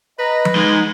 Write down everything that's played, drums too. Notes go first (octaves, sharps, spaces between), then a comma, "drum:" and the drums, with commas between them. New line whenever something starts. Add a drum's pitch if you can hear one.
B4 D#5 A#5
drum: tom F3
G#3 D#4 C6